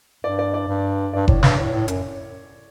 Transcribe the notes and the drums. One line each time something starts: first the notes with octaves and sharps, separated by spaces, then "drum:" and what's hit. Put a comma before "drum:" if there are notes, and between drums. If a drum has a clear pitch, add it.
G2 D5
D5
D5
G2
G2 D5
A2 C#5, drum: kick F#1
G2 D5, drum: snare
A2 C#5
A2
F#2, drum: hi-hat